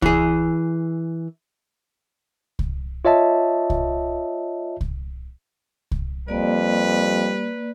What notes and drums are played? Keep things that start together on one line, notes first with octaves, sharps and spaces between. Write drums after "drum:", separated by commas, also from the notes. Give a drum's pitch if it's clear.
E3 G#4, drum: kick C2
drum: kick C2
F4 C#5 D#5 E5 A5
drum: kick C2
drum: kick C2
drum: kick C2
F2 G3 A#3 B4 D5